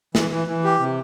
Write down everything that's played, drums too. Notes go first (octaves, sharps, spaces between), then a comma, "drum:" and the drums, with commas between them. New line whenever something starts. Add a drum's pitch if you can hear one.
E3, drum: snare
E3
E3
G4
C3